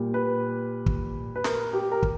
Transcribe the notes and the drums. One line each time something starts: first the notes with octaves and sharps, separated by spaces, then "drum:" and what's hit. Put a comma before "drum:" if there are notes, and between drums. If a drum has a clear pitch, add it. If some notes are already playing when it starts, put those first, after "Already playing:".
Already playing: A#2 G3
B4
drum: kick
B4
A#4, drum: snare
G4
A#4
drum: kick